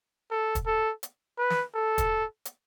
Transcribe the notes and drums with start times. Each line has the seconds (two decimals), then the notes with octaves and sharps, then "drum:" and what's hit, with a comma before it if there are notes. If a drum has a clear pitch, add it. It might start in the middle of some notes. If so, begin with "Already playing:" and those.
0.31 A4
0.55 drum: kick, hi-hat
0.67 A4
1.03 drum: hi-hat
1.38 B4
1.50 drum: snare
1.75 A4
1.98 drum: kick, hi-hat
2.45 drum: hi-hat